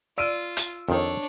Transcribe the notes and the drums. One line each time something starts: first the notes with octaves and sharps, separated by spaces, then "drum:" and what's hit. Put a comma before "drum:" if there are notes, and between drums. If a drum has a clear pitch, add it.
F4 D5 E6 F6 D7 D#7
drum: hi-hat
F2 D#3 D4 C#5